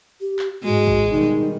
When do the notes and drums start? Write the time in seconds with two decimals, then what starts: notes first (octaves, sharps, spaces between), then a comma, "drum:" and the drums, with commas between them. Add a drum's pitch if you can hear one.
0.21 G4
0.39 drum: clap
0.64 G#2 G#3 F#4
0.87 drum: kick
1.11 B2 D#3 G3 D#4